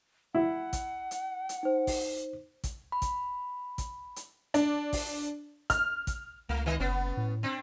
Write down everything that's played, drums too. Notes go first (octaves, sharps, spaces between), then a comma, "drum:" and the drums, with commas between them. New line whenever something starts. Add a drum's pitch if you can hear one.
E4 F#5
drum: kick A1, hi-hat
drum: hi-hat
drum: hi-hat
D#4 C5
drum: kick A1, open hi-hat
drum: kick A1, hi-hat
B5
drum: kick A1, hi-hat
drum: kick A1, hi-hat
drum: hi-hat
D4, drum: hi-hat
drum: kick A1, open hi-hat
F6, drum: kick A1, hi-hat
drum: kick A1, hi-hat
C#2 A3
D#3 D#5
F#1 B3 C#4
A2
C4 D4